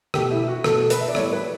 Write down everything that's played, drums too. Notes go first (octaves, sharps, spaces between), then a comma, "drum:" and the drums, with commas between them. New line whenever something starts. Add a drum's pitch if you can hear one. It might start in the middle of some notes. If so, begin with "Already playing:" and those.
B2 A3 G4, drum: rim click
E4
F#4
B2 A3 A4, drum: rim click
A4
B4, drum: hi-hat
E5
D5
A2 G3 B3 C#5, drum: rim click
B4